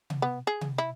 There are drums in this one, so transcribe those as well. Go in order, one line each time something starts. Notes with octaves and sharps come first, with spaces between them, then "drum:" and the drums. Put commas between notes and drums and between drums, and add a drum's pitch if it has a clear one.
drum: tom C3
B3
G#4
drum: tom C3
E4